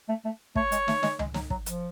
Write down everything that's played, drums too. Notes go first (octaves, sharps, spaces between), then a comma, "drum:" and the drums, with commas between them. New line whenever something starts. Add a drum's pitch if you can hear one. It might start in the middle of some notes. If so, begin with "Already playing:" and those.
A3
A3
A3 C#5, drum: kick
G#3, drum: hi-hat
A3, drum: snare
G#3, drum: snare
G#3, drum: tom C#2
F#3, drum: snare
F#3, drum: kick
F3, drum: hi-hat